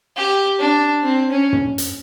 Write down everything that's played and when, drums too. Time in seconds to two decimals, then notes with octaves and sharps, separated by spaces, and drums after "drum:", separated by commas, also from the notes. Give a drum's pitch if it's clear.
0.16 G4
0.59 D4
1.02 C4
1.31 C#4
1.53 drum: tom
1.78 drum: hi-hat